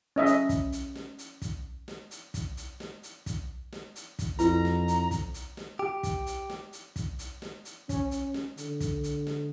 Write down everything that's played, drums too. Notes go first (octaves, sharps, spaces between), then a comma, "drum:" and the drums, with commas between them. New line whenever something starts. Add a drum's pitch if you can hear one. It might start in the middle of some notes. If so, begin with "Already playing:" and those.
C#4 D#5 E5
drum: hi-hat
drum: kick, hi-hat
drum: hi-hat
drum: snare
drum: hi-hat
drum: kick, hi-hat
drum: snare
drum: hi-hat
drum: kick, hi-hat
drum: hi-hat
drum: snare
drum: hi-hat
drum: kick, hi-hat
drum: snare
drum: hi-hat
drum: kick, hi-hat
F2 E4 F4 B4 A#5, drum: hi-hat
drum: snare
drum: hi-hat
drum: kick, hi-hat
drum: hi-hat
drum: snare
G4
drum: kick, hi-hat
drum: hi-hat
drum: snare
drum: hi-hat
drum: kick, hi-hat
drum: hi-hat
drum: snare
drum: hi-hat
C#4, drum: kick, hi-hat
drum: hi-hat
drum: snare
D3, drum: hi-hat
drum: kick, hi-hat
drum: hi-hat
drum: snare